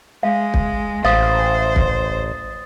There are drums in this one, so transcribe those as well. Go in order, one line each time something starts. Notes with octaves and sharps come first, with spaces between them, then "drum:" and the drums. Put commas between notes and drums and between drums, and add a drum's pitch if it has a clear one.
G#3 F5
drum: kick
A1 C5 F5 D#6 A6
drum: kick